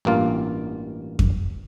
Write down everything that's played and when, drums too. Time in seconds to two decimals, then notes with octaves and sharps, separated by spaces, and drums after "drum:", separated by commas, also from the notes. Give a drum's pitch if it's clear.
0.05 A1 G2 A#3 F4
1.19 drum: kick F2